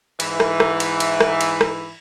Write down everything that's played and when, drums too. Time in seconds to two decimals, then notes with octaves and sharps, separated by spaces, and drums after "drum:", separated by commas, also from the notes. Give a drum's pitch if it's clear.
0.20 G#2 E3, drum: cymbal
0.40 drum: rim click
0.60 drum: rim click
0.80 drum: cymbal
1.00 drum: cymbal
1.20 drum: rim click
1.41 drum: cymbal
1.61 drum: rim click